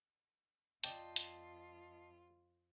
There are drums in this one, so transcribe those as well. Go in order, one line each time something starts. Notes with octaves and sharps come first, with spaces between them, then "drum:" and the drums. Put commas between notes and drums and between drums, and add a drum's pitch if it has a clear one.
F2 F4 D5 D#5 G5 A5, drum: hi-hat
drum: hi-hat